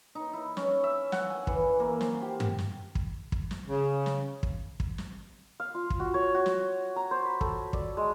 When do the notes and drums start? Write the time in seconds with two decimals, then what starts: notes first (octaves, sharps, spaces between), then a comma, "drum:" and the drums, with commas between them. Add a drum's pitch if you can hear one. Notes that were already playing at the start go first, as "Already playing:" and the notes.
0.15 D#4
0.33 E4
0.57 C#4, drum: snare
0.84 E5
1.12 F#5, drum: snare
1.30 G#5
1.47 E3, drum: kick
1.80 A#3
2.01 C5, drum: snare
2.22 G4
2.40 drum: tom G2
2.58 drum: snare
2.95 drum: kick
3.32 drum: kick
3.51 drum: snare
3.69 C#3
4.06 drum: snare
4.43 drum: kick
4.80 drum: kick
4.98 drum: snare
5.60 F5
5.75 F4
5.90 drum: kick
6.00 F#4
6.14 C#5
6.34 F#4
6.46 drum: snare
6.96 A#5
7.11 C5
7.25 B5
7.41 A4, drum: kick
7.73 D5, drum: kick
7.97 G#3